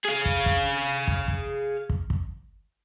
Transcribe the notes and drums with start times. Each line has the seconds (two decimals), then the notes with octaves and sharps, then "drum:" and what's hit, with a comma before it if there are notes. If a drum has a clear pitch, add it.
0.05 G#4 F5
0.26 drum: kick
0.46 drum: kick
1.08 drum: kick
1.28 drum: kick
1.90 drum: kick
2.10 drum: kick